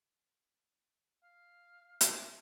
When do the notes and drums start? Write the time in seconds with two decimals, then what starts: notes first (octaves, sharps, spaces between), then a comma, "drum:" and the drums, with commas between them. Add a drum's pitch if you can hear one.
1.24 F5
2.01 drum: hi-hat